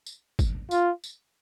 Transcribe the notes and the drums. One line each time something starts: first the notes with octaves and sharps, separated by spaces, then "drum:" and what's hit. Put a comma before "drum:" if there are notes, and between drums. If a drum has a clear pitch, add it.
drum: tambourine
drum: kick, tambourine
F4, drum: tambourine
drum: tambourine